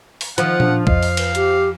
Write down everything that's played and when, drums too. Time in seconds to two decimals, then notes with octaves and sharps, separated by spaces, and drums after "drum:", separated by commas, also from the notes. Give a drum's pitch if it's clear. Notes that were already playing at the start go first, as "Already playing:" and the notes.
0.21 drum: open hi-hat
0.38 D#3 F3 F#5, drum: hi-hat
0.60 D4, drum: tom A#2
0.87 F2 D#5 F5, drum: kick
1.03 drum: open hi-hat
1.17 B4, drum: cymbal
1.35 G4, drum: hi-hat